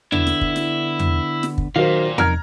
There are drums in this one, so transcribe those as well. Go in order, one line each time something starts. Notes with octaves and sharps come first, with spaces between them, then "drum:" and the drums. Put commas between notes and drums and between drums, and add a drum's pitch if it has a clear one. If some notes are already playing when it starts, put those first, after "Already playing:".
D3 B3 D4 E4, drum: tom E2
drum: snare
drum: kick
drum: snare
drum: tom E2
drum: snare
drum: kick
A#2 D#3 F#3 C5 F5
F2 D#4 A#4 A#5 F6 G#6, drum: tom E2